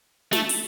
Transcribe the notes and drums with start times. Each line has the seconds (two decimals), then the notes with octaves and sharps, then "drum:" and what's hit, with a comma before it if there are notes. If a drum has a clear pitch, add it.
0.33 A3, drum: snare
0.49 drum: open hi-hat